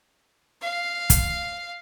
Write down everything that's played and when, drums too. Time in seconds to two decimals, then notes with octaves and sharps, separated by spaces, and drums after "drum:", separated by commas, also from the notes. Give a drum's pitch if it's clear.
0.62 F5
1.10 drum: kick, hi-hat